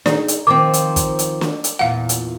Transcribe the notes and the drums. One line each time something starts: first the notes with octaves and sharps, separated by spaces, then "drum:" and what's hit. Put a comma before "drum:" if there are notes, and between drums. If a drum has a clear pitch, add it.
D#4 G#4 D5, drum: snare
drum: hi-hat
D#3 F3 C4 D6
drum: hi-hat
drum: kick, hi-hat
drum: hi-hat
drum: snare
drum: hi-hat
E2 A#2 F5 F#5
drum: hi-hat